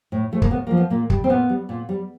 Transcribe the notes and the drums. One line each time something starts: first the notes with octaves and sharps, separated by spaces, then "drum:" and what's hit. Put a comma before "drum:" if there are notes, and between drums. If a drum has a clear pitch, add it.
A2
F3 A3
A#3, drum: kick
A2 B3
F3 A#3
B3
A#2 A#3
G3, drum: kick
C4
A#2 B3
G3
A#2
G3